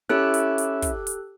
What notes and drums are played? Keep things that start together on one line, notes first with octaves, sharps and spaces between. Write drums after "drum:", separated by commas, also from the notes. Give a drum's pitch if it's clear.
C#4 E4 G4 A4 F#6
drum: hi-hat
drum: hi-hat
drum: kick, hi-hat
drum: hi-hat